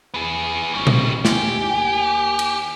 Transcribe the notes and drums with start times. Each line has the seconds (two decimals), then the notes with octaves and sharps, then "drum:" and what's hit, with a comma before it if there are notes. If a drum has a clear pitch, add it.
0.14 E2 B3 G#4
0.75 G#1 G3 C#4
0.87 drum: tom A#2
1.25 D#2 G4 G#5, drum: snare
2.39 drum: cymbal